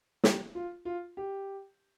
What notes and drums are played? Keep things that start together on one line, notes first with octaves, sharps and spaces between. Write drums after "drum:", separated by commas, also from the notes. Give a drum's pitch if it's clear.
G4, drum: snare
F4
F4
G4